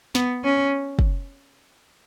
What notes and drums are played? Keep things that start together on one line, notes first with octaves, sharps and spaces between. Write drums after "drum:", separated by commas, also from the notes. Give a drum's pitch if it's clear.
B3, drum: snare
C#4
drum: kick